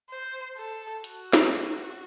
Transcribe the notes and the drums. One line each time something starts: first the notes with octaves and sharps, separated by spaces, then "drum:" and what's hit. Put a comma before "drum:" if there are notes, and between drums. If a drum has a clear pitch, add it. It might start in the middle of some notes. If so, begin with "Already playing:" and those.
C5
A4
F#4, drum: hi-hat
drum: snare